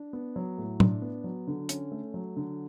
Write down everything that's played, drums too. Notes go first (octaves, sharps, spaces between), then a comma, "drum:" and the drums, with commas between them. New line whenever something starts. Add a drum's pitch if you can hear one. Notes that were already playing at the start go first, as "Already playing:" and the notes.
Already playing: D4
B3
F#3
A2
D4, drum: tom
B3
F#3
D3
C#4, drum: hi-hat
A3
F#3
D3